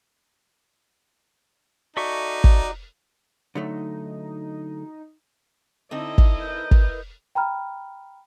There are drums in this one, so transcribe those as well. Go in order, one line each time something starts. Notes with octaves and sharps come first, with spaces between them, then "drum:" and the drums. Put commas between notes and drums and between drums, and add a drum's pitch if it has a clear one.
D#4 F#4 A4 D5 E5 C#6
drum: kick
D3 F#3 A3 D#4
D3 C4 D#4 E4 D#5
drum: kick
A#4 B4 G6
drum: kick
G5 A#5 B5 F6